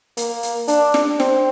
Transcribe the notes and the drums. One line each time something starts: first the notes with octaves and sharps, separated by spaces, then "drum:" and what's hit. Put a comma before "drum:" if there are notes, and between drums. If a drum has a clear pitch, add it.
A#3, drum: hi-hat
drum: hi-hat
D4, drum: hi-hat
drum: snare
C4, drum: snare